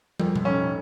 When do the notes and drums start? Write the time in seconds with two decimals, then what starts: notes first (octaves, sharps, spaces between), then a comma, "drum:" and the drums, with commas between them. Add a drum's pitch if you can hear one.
0.20 F2, drum: tom
0.36 drum: tom B2
0.45 F1 C#4